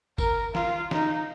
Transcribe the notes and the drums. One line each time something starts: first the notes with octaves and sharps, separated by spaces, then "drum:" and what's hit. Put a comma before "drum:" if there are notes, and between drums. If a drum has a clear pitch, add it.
A#4, drum: kick, tambourine
F4, drum: snare
D#4, drum: snare